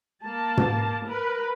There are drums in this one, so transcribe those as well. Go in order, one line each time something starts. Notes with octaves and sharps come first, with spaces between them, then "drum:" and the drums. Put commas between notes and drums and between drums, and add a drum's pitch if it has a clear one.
A#3 A5
drum: tom
A#4 B4